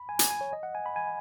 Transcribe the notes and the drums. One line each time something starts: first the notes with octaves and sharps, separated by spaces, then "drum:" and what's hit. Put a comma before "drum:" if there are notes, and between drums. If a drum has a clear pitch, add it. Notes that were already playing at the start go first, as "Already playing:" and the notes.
Already playing: B5
G#5
G#5, drum: hi-hat
G#5
C#5
D#5
F#5
G#5
B5
G#5